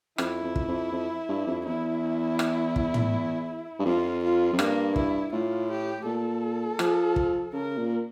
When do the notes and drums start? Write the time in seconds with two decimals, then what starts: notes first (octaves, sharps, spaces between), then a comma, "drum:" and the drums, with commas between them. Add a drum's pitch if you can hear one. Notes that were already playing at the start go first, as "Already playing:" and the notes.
0.18 F2 E4, drum: rim click
0.44 F2
0.56 drum: kick
0.68 F2
0.92 F2
1.29 G2
1.47 F2
1.65 E2 E4
2.39 drum: rim click
2.76 drum: kick
2.94 drum: tom
3.79 G2
3.86 F2 F4
4.23 F4
4.53 F2
4.59 G2 A#3, drum: rim click
4.96 E4, drum: kick
5.32 A2 F4
5.70 G4
6.06 A#2 A4
6.79 F3, drum: rim click
7.16 drum: kick
7.53 C#3 A#4
7.78 A#2